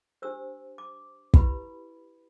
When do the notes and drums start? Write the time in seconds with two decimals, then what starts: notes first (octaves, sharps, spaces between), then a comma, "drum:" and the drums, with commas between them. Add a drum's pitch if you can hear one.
0.22 D4 G4 C5 E6
0.78 D6
1.34 E4 G4 B4 B5, drum: kick